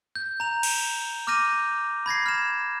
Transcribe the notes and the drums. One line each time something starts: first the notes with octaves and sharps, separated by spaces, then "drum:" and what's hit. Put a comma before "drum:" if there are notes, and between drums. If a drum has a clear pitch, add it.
G6
A#5 F7
drum: cymbal
D6 F6 G6 A#6 D#7
B5 G#6 A#6 C7
F6 E7